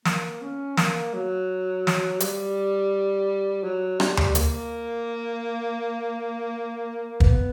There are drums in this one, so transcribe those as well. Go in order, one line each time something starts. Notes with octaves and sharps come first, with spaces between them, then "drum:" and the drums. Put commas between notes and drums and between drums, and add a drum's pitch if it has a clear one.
A#3, drum: snare
C#4
A#3, drum: snare
F#3
drum: snare
G3, drum: hi-hat
F#3
G3, drum: rim click
drum: tom D2
A#3, drum: hi-hat
B3, drum: kick